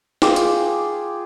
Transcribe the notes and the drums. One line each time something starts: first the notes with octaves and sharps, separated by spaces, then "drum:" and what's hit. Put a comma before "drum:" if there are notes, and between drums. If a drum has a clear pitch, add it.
F4 G#4 G5 D6, drum: snare
drum: hi-hat